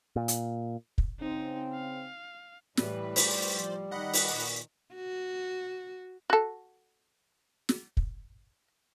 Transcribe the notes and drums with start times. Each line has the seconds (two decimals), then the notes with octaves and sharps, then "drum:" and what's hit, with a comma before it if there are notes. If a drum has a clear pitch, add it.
0.16 A#2
0.28 drum: hi-hat
0.98 drum: kick
1.20 C#3 C4 D#4
1.74 F5
2.77 A2 E3 G3 B4, drum: snare
3.16 C5 D5, drum: open hi-hat
3.50 F3
3.91 D#3 D#5 F#5 B5
4.14 drum: open hi-hat
4.30 A#2
4.95 F#4
6.30 F#4 A4
7.69 drum: snare
7.97 drum: kick